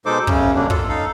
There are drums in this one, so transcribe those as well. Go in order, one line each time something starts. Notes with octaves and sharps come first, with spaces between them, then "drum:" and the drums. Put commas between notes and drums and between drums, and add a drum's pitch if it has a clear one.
B2 G#3 D#4 A4 C5 D6
F#2 C#3 C#4, drum: kick
G2 B2 D3 F#3 A#3 D4
F4 A4, drum: kick
D#4 A4 F5